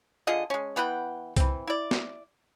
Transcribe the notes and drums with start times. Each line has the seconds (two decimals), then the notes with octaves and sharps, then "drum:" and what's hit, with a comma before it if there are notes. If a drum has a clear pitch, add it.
0.27 D3 F4 G#4 D#5
0.50 G#3 C#4
0.76 E3 B3 F#5 G5
1.36 E3 C4, drum: kick C2, hi-hat
1.67 E4 D5
1.91 drum: snare